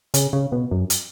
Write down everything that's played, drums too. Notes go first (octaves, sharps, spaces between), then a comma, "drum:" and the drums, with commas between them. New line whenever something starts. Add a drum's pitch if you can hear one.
C#3, drum: hi-hat
C#3
B2
F#2
drum: hi-hat